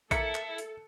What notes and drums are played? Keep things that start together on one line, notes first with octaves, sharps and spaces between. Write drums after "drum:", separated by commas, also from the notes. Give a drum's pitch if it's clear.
A#3 E4 A4 E5 C#7, drum: kick A#1, hi-hat
drum: clap
drum: hi-hat